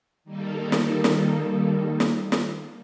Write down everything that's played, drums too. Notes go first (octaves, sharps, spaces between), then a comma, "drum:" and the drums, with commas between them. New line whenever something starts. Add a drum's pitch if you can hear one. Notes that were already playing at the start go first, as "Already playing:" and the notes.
D#3 G3 A#3 D#4 A4
drum: snare
drum: snare
drum: snare
drum: snare